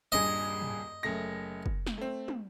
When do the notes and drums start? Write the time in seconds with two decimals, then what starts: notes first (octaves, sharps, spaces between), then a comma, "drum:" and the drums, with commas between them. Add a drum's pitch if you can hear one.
0.12 D#1 G2 G#4 D#5
0.61 drum: tom
1.03 F#1 A3 A#6
1.66 drum: kick
1.87 drum: snare
1.98 A3 C4
2.28 drum: tom